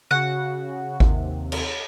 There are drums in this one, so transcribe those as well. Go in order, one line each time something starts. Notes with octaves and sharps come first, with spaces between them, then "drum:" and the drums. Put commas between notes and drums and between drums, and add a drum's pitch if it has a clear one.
C#3 F#4 F#5
D#2 C3, drum: kick G#1
drum: cymbal